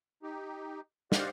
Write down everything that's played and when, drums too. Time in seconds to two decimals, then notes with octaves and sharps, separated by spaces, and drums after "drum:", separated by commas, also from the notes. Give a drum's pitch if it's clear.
0.23 D#4 G4
1.12 G4 C5 D5 D#5 F5 F#5, drum: snare